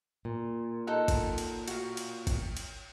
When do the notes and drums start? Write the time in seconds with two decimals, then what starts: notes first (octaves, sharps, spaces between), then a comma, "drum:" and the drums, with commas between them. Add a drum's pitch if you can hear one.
0.25 A#2
0.87 D#4 A4 F#5
1.08 drum: kick, cymbal
1.38 drum: cymbal
1.68 F#4 F5, drum: cymbal
1.97 drum: cymbal
2.27 drum: kick, cymbal
2.57 drum: cymbal